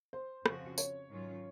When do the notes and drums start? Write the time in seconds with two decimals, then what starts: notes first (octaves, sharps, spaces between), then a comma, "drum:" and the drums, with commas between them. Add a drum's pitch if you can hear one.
0.13 C5
0.46 F2 C#3 F3 C4 F#4, drum: rim click
0.78 C#5, drum: tambourine
1.10 G#2 D#3 F#3 C#4 F4